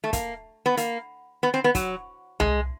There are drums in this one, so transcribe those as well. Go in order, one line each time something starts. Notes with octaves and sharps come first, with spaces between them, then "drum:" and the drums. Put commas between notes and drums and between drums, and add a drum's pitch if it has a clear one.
A3
A#3, drum: kick, hi-hat
B3
A#3, drum: hi-hat
B3
C4
B3
F#3, drum: kick, hi-hat
G#3, drum: tom C2